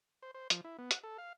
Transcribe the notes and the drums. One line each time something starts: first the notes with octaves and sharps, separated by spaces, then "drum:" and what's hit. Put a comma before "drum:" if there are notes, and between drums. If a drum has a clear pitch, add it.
C5
C5
F3, drum: hi-hat
E4
B3
F#5, drum: hi-hat
A4
F5